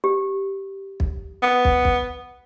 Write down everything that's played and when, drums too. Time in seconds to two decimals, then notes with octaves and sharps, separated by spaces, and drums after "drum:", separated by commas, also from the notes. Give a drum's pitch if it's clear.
0.04 G4
1.00 drum: kick
1.42 B3
1.65 drum: kick
1.85 drum: kick